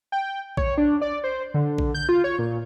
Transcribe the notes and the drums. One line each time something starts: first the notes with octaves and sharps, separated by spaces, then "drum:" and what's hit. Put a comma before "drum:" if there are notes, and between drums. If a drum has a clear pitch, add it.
G5
C#5, drum: kick A#1
D4
D5
C5
D3
drum: kick A#1
G6
F4
C#5
A#2